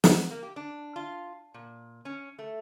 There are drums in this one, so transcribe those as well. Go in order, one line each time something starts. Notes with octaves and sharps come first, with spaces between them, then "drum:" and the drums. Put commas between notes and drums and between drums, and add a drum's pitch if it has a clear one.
B3, drum: snare
A#3
G4
D4
F4
A#2
C#4
A3